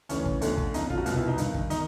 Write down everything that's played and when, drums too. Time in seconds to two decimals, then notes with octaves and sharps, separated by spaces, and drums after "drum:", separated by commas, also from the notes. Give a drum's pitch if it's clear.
0.09 D2 C#3 E3 C#4, drum: hi-hat
0.25 drum: kick
0.41 D2 D3 F3, drum: hi-hat
0.58 drum: kick
0.74 F2 C#3 F3 D#4, drum: hi-hat
0.90 F4, drum: kick
0.98 F#4
1.06 C2 B2 F4, drum: hi-hat
1.17 E4
1.28 D#4
1.38 G2 D#3, drum: hi-hat
1.54 drum: kick
1.70 D#3 D#4, drum: hi-hat